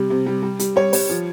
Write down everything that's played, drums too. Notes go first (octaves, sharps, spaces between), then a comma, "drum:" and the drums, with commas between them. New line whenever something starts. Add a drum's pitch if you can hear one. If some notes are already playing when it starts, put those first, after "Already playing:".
Already playing: C3 G3
C3
G3
G3
G3, drum: hi-hat
G3 C#5
G3 C#5, drum: open hi-hat
F3